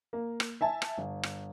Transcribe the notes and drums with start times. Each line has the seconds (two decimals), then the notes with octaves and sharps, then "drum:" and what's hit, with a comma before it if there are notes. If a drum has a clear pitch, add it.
0.13 A#3
0.40 drum: rim click
0.61 E5 G#5 A5
0.82 drum: rim click
0.97 G1
1.23 drum: rim click